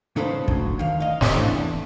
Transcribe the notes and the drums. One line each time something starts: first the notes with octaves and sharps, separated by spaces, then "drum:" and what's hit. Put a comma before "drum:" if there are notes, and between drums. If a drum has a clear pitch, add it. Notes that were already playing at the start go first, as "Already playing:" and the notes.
C#3 D#4 A4 B4 C5
D2, drum: kick
D#3 F5
D#5 F5
G#2 C4 G4 D#5, drum: snare
E2 E3 A3 D4